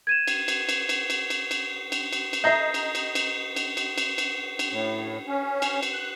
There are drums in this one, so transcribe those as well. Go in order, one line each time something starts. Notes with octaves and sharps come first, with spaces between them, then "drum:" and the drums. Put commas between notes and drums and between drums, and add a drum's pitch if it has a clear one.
G#6 D#7 E7
drum: cymbal
drum: cymbal
drum: cymbal
drum: cymbal
drum: cymbal
drum: cymbal
drum: cymbal
drum: cymbal
drum: cymbal
drum: cymbal
A4 D#5 E5 A#5 G6 A#6 C7
drum: cymbal
drum: cymbal
drum: cymbal
drum: cymbal
drum: cymbal
drum: cymbal
drum: cymbal
drum: cymbal
A2
C#4
drum: cymbal
drum: cymbal
F#6